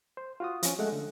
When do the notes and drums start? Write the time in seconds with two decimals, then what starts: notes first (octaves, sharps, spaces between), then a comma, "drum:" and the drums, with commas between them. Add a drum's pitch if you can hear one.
0.17 C5
0.40 F4 F#4 D#6
0.63 F3 C#4, drum: hi-hat
0.79 G#3 A3 F#5
0.92 D3